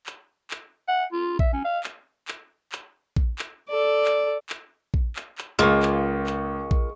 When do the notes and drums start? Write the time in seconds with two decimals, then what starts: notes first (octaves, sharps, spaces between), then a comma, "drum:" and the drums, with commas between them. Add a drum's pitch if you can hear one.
0.06 drum: clap
0.51 drum: clap
0.88 F#5
1.13 F4
1.39 E5, drum: kick A#1
1.53 C#4
1.64 F5
1.84 drum: clap
2.28 drum: clap
2.72 drum: clap
3.16 drum: kick A#1
3.39 drum: clap
3.68 A4 D5
4.05 drum: clap
4.49 drum: clap
4.94 drum: kick A#1
5.16 drum: clap
5.38 drum: clap
5.59 C#2 G#3 A#3 F4 C#6
5.82 drum: clap
6.27 drum: clap
6.71 drum: kick A#1